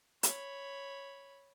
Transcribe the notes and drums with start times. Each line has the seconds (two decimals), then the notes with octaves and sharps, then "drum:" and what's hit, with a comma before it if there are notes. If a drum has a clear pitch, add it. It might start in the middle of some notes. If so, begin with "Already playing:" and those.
0.23 C#5 B5, drum: hi-hat